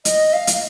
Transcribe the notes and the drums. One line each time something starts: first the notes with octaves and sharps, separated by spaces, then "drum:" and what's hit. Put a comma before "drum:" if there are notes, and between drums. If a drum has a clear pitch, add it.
D#5, drum: hi-hat
F5
drum: hi-hat